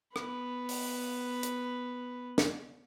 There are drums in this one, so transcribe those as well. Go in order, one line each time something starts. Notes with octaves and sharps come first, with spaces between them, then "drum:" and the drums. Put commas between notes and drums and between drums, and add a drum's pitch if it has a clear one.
B3 B4, drum: rim click
drum: open hi-hat
drum: hi-hat
drum: snare